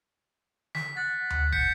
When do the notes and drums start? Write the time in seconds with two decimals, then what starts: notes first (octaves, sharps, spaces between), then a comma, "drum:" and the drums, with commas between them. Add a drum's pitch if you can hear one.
0.75 B6, drum: snare
0.97 F#5 A6
1.30 drum: tom D2
1.52 G6 B6 C#7, drum: kick